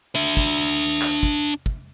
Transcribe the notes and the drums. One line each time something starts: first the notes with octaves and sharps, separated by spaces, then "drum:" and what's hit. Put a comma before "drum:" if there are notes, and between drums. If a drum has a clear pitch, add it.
D4 E5
drum: kick
drum: clap
drum: kick
drum: kick